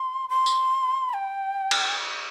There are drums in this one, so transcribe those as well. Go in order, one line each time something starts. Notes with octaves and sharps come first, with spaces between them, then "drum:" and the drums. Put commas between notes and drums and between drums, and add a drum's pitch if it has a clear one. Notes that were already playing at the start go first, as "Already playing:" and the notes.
Already playing: C6
C6
drum: tambourine
B5
G5
drum: cymbal